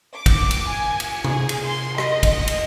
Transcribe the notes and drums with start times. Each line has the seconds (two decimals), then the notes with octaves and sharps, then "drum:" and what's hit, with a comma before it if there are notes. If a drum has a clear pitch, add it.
0.15 D6
0.26 drum: kick, cymbal
0.51 drum: cymbal
0.69 G#5
1.00 drum: cymbal
1.24 G#4, drum: tom C3
1.49 drum: cymbal
1.65 C6
1.98 D#5, drum: rim click
2.23 drum: kick, cymbal
2.48 drum: cymbal